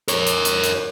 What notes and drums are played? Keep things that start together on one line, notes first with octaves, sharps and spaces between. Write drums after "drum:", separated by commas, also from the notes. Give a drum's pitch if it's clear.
A#4 C#5, drum: hi-hat
drum: hi-hat
drum: hi-hat
drum: hi-hat